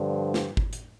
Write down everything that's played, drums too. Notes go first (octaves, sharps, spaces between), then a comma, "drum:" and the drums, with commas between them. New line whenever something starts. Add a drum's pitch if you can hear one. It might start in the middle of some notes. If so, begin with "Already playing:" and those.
Already playing: G2 D3 F3
drum: snare
drum: kick G1
drum: hi-hat